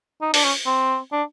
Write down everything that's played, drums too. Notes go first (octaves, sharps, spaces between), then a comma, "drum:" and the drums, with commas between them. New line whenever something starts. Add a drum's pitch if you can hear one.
D#4
D4, drum: open hi-hat
C#4
C4
D4